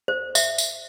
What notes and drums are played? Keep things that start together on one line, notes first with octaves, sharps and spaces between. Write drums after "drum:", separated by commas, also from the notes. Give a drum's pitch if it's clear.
C5
E5, drum: tambourine
drum: tambourine